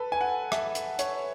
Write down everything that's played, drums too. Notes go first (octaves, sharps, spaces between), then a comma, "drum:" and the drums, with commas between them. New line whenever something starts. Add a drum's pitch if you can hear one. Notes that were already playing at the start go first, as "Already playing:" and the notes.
Already playing: A4 B4
G#5
F#5
E5, drum: rim click
drum: hi-hat
C#5, drum: hi-hat